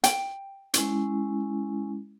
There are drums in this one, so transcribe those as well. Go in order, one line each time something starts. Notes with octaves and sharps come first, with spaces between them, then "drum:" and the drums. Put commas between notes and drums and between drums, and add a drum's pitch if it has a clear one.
G5, drum: hi-hat
G#3 C#4 E4, drum: hi-hat